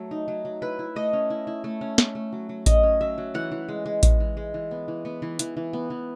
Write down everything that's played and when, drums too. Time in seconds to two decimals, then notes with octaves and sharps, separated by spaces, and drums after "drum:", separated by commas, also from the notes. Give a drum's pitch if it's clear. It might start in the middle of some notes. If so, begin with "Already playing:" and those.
Already playing: F#3 A3
0.11 D#4
0.28 F#3
0.45 F#3
0.62 E4 B4
0.79 E4
0.96 A3 D#5
1.13 C#4
1.30 E4
1.47 E4
1.64 A3
1.81 C#4
1.98 A3, drum: snare
2.15 A3
2.32 F#3
2.49 F#3
2.66 C#4 D#5, drum: kick A1, hi-hat
2.83 C#4
3.01 F#3 E5
3.18 F#3
3.34 E3 F#5
3.52 E3
3.69 G#3
3.86 G#3
4.03 G#3, drum: kick A1, hi-hat
4.20 E3
4.37 G#3
4.54 E3
4.71 B3
4.88 E3
5.05 B3
5.22 E3
5.39 E3, drum: hi-hat
5.57 E3
5.73 B3
5.90 E3